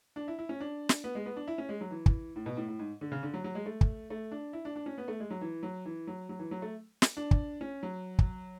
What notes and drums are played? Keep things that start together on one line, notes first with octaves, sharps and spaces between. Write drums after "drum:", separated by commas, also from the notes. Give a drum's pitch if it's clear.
D4
E4
E4
C#4
D4
drum: snare
B3
G#3
B3
D4
E4
C#4
G#3
F#3
E3
drum: kick
A2
B2
A2
A2
G#2
D3
C#3
D3
F#3
F#3
G#3
A3
drum: kick
A3
D4
E4
D4
D4
C#4
B3
A3
G#3
F#3
E3
F#3
E3
F#3
F#3
E3
F#3
A3
drum: snare
D4
drum: kick
C#4
F#3
drum: kick